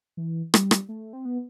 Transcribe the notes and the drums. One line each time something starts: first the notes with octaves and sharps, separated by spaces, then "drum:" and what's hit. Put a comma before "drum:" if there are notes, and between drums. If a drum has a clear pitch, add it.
E3
G3, drum: rim click
drum: rim click
A3
C4
B3